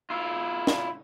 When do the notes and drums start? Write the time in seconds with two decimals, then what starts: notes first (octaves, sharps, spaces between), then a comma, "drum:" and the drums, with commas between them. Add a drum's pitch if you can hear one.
0.10 E4 F4
0.67 drum: snare